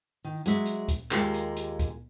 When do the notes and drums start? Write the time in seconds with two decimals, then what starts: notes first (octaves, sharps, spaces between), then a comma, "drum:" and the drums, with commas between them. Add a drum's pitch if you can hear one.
0.24 D#3
0.46 F#3 G#3 E5, drum: hi-hat
0.66 drum: hi-hat
0.88 drum: kick C#2, hi-hat
1.11 D#2 B2 G#3 F4 G4 A#4, drum: clap
1.34 drum: hi-hat
1.57 drum: hi-hat
1.79 drum: kick C#2, hi-hat